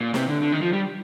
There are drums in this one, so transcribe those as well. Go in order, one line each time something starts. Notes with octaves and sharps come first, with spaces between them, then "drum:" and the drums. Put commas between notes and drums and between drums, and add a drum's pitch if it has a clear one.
A#2
C3, drum: snare
D3
D3
D#3
F3
G3